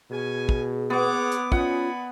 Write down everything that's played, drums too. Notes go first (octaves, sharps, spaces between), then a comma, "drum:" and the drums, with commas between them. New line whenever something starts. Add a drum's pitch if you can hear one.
B2 C#4 G#4 G#5
drum: kick
B3 C#5 F#5 D6
drum: hi-hat
C#4 F4 D5 F#5 G#5 B5, drum: kick